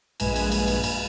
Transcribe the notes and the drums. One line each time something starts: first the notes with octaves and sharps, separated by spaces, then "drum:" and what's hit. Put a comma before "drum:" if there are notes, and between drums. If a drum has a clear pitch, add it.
A#1 G2 A#2 G#3 B4 G#5, drum: cymbal
drum: cymbal
drum: cymbal
drum: cymbal
drum: cymbal